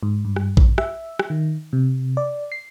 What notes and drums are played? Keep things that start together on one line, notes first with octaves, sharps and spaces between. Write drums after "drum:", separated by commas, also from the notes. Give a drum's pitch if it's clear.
G#2
G2
drum: rim click
drum: kick A#1
E5, drum: rim click
drum: rim click
D#3
C3
D5
C7